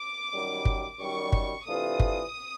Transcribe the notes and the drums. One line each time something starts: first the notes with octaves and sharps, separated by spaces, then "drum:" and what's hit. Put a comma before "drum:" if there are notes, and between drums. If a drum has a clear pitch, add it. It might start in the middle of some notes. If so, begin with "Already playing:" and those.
Already playing: D6
F#2 D#3 G3
drum: kick G1
F#2 D#3 G3 C#6
drum: kick G1
C3 E3 A3 D4 F4 D#6
drum: kick G1